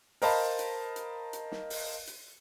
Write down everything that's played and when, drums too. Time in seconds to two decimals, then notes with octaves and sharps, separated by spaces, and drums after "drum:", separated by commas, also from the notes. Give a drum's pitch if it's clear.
0.22 A#4 C5 D#5 F5 A5 B5, drum: open hi-hat
0.59 drum: hi-hat
0.96 drum: hi-hat
1.33 drum: hi-hat
1.52 drum: snare
1.70 drum: open hi-hat
2.07 drum: hi-hat